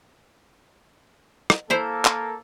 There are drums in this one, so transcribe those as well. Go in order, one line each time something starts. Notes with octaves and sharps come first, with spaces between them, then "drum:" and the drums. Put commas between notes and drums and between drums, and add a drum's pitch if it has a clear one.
drum: rim click
A#3 E4 A4 C5
drum: clap